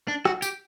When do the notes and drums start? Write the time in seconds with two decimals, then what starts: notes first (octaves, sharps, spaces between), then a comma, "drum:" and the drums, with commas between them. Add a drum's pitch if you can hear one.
0.08 D4
0.25 F#4, drum: rim click
0.42 G4, drum: tambourine